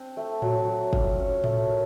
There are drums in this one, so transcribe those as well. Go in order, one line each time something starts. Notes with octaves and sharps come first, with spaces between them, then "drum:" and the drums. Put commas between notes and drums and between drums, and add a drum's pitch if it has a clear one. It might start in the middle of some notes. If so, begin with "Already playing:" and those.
Already playing: C4 D4
A3
F#3, drum: tom A2
F#3
F4, drum: kick
C#4
A3, drum: tom A2
A#4